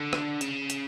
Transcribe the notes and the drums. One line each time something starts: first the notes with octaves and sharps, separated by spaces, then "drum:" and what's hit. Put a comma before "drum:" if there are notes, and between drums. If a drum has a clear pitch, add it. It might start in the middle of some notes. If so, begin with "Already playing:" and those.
Already playing: D3
drum: rim click
C#3, drum: hi-hat
drum: hi-hat